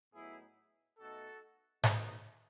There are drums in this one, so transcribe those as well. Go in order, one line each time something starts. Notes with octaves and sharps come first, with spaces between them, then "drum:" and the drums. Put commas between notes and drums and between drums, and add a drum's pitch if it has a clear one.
A2 F#3 B3 D#4 E4 G#4
B2 A3 D#4 F#4 A4
B2 A3 D#4, drum: snare G#2